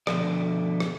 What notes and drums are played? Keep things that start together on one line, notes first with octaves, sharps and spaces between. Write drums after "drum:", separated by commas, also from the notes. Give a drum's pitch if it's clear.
B2 D3 F3 A3 D5, drum: rim click
drum: rim click